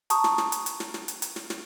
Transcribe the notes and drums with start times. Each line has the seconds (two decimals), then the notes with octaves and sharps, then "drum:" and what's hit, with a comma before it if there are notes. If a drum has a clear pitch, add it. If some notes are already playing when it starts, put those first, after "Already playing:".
0.10 A5 A#5 C#6 D#6, drum: hi-hat
0.24 drum: snare
0.38 drum: snare
0.52 drum: hi-hat
0.66 drum: hi-hat
0.80 drum: snare
0.94 drum: snare
1.08 drum: hi-hat
1.22 drum: hi-hat
1.36 drum: snare
1.50 drum: snare